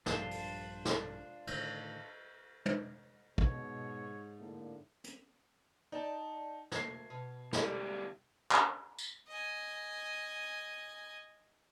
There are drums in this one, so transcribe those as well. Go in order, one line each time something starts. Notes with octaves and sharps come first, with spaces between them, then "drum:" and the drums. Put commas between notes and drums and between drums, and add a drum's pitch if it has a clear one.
A#1 G2 F3 D4 F4 C5, drum: snare
drum: open hi-hat
drum: snare
A2 D3 D#3, drum: cymbal
drum: tom
G#2 B2 C#5, drum: kick
A2 D3 A#3
drum: hi-hat
D#4 D5 G5 A5
D2 A3 A#3 G#6 C7, drum: snare
B2
D2 G3 G#3, drum: snare
drum: clap
drum: tambourine
D#5 G#5